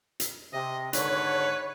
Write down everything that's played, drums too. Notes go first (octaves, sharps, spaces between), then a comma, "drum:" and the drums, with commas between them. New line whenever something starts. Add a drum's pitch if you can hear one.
drum: hi-hat
C3 D#5
G#1 G#2 D3 B4 C#5, drum: hi-hat